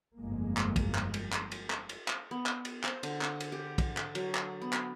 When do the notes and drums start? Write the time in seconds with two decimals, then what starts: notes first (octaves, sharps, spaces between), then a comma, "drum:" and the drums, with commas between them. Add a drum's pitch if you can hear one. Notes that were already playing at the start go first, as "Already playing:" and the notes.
0.17 G1 F2 G#3 A#3
0.57 drum: clap
0.76 drum: kick, cymbal
0.95 drum: clap
1.14 drum: cymbal
1.33 drum: clap
1.51 drum: cymbal
1.70 drum: clap
1.89 drum: cymbal
2.08 drum: clap
2.31 B3
2.46 drum: clap
2.65 drum: cymbal
2.84 C5, drum: clap
3.03 D3, drum: cymbal
3.22 drum: clap
3.40 drum: cymbal
3.52 G4
3.78 drum: kick, cymbal
3.97 drum: clap
4.15 F#3, drum: cymbal
4.35 drum: clap
4.62 B3
4.73 drum: clap